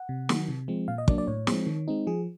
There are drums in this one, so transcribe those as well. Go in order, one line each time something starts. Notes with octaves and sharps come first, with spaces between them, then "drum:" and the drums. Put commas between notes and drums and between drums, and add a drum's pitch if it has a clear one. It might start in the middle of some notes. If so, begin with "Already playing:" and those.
Already playing: F#5
C3
D#3 F#3, drum: snare
C3
F3 G#3 C4
A#2 F5
D#5
F#3 A#3 D4 D5, drum: kick
D5
A2 C#5
F3 G#3 C4, drum: snare
D#3
G#3 C4 D#4
F3 G#4